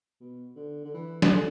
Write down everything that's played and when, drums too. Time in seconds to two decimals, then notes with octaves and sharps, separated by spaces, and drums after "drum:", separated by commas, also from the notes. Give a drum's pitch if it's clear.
0.20 B2
0.56 D3
0.85 D3
0.94 E3
1.22 B2, drum: snare
1.31 D3